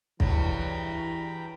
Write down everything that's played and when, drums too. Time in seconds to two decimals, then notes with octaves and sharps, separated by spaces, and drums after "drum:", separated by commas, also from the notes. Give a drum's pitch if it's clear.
0.20 G2 C#3 E3 F#3 G5 A#5 B5, drum: kick